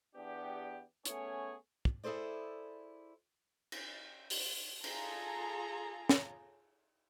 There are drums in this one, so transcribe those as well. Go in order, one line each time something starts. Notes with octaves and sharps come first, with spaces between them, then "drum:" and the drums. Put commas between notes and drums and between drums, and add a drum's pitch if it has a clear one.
E2 B3 D4 G4
A3 B3 C#4 G#4 C#5, drum: hi-hat
drum: kick
E4 G#4 A4 C5 D5
drum: cymbal
drum: open hi-hat
F4 G#4 A4 A#5, drum: cymbal
drum: snare